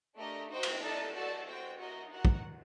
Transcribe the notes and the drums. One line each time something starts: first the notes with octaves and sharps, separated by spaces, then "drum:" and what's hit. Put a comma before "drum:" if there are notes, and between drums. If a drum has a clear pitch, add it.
A3 D4 G4 A#4 D#5
D#4 F#4 C5 G5
drum: cymbal
D#4 A4 D5 A5
F#4 A4 D5 A5
F#4 C5 G5
F#4 A#4 D#5
D#4 F#4 A#4 F#5
drum: kick